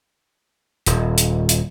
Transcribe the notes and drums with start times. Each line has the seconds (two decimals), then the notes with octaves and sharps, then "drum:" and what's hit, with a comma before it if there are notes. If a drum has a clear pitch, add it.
0.86 D#1, drum: hi-hat
1.18 drum: hi-hat
1.49 drum: hi-hat